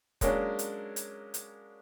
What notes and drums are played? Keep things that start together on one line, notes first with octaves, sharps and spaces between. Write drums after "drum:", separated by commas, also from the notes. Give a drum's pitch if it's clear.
F#3 G#3 A#3 C#4 D4, drum: kick, hi-hat
drum: hi-hat
drum: hi-hat
drum: hi-hat